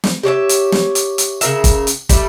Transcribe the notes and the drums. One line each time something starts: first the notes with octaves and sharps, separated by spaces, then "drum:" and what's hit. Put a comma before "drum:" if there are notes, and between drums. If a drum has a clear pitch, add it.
drum: snare
G4 C#5 D5 E5
drum: hi-hat
drum: snare
drum: hi-hat
drum: hi-hat
C#3 A#4 E5, drum: hi-hat
drum: kick, hi-hat
drum: hi-hat
G3 A3 E4, drum: kick, hi-hat